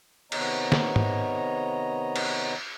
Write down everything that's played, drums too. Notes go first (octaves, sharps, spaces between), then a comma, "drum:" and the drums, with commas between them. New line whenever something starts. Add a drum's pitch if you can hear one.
C3 D#3 B3 C#5 D#5 A#5, drum: cymbal
drum: snare
drum: tom G#2
drum: cymbal